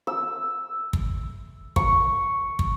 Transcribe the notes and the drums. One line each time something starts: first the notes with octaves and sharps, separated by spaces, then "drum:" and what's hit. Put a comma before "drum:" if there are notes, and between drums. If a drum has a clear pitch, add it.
E6
drum: kick
C#6, drum: kick
drum: kick